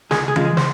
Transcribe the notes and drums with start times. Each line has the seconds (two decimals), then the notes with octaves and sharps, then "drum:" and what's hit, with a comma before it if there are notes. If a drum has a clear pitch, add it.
0.11 C#2 G#4, drum: snare
0.28 G#4
0.36 C#3 F3 G#3, drum: tom E3
0.45 G#4
0.57 C5, drum: snare